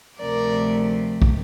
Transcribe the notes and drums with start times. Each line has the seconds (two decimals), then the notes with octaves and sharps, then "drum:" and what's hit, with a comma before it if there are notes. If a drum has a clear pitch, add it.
0.18 D2 C3 F3 A3 A#4 D5
1.22 drum: kick